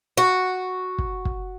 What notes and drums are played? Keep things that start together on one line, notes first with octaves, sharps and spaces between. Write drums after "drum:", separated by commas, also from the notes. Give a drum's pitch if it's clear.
F#4
drum: kick
drum: kick